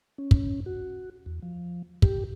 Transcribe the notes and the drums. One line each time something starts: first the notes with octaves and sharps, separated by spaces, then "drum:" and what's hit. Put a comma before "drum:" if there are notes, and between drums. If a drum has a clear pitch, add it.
C#4
drum: kick
F#4
E2
F3
G4, drum: kick